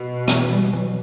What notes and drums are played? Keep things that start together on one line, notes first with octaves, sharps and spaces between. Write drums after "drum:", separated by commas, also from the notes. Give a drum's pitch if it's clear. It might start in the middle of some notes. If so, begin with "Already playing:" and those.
Already playing: B2
E3, drum: rim click
G3
E3
F#3